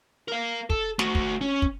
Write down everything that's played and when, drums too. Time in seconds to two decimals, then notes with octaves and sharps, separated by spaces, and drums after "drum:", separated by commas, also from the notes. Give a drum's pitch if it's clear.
0.28 A#4 F5
0.70 A4, drum: kick
0.99 A3 F#4, drum: snare
1.15 drum: kick
1.41 C#4
1.62 drum: kick